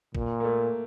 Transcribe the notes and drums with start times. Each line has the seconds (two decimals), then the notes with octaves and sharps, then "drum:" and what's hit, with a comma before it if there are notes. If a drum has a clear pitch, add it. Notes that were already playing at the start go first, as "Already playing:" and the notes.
0.15 A#2, drum: kick
0.40 A#3
0.44 A3